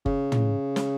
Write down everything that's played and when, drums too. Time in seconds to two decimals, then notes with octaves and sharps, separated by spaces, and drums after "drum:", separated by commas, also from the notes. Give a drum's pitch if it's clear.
0.06 C#3, drum: kick F#1
0.32 drum: tom
0.76 drum: snare